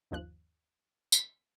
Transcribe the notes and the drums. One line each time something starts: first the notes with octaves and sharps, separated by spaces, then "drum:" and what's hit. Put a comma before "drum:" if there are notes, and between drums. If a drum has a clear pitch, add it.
G1 D#2 F3 F#6
drum: tambourine